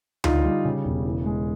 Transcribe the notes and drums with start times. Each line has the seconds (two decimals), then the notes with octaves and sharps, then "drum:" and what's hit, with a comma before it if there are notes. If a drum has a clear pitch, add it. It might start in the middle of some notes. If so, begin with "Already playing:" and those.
0.24 D3 D#4 F4, drum: tom D2
0.45 G3
0.65 C#3
0.85 E1
1.05 E3
1.26 G#3